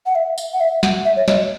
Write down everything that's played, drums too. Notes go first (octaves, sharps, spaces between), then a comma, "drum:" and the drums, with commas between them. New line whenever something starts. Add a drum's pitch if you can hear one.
F#5
E5
drum: tambourine
F#5
E5
F#5, drum: snare
E5
C#5
D#5, drum: snare